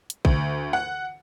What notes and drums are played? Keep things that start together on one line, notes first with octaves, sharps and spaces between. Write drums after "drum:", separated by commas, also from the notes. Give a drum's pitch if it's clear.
drum: hi-hat
D2, drum: kick
F#5